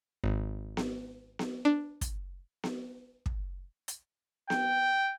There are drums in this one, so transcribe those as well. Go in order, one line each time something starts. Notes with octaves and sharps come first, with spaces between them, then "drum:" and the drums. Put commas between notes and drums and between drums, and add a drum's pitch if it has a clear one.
G#1
drum: snare B3
drum: snare B3
D4
drum: kick, hi-hat
drum: snare B3
drum: kick
drum: hi-hat
G5, drum: snare B3